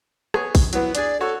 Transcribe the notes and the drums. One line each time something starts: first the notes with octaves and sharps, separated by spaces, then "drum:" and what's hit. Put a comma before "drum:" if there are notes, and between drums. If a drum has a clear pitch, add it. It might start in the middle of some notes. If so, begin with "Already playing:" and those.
B3 G#4 C#5, drum: rim click
drum: kick, open hi-hat
F#3 B3 E4, drum: hi-hat
D4 G#4 D5, drum: hi-hat
F#4 A4 C#5